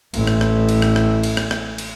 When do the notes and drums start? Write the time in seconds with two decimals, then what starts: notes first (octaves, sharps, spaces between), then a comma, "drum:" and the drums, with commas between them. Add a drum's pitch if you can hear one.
0.14 A1 E4, drum: cymbal
0.27 drum: rim click
0.41 drum: rim click
0.69 drum: cymbal
0.82 drum: rim click
0.96 drum: rim click
1.23 drum: cymbal
1.37 drum: rim click
1.51 drum: rim click
1.78 drum: cymbal